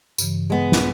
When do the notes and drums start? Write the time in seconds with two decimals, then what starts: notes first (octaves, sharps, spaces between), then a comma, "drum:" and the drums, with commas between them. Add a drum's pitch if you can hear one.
0.18 G2 C#3 E3, drum: tambourine
0.50 G#3 B3
0.72 drum: snare